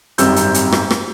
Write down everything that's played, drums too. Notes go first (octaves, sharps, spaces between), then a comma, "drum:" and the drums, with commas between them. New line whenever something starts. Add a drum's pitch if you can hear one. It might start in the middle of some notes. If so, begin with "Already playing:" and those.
G#1 F#2 G3 C4 E6 G6, drum: hi-hat
drum: hi-hat
drum: hi-hat
drum: rim click
drum: rim click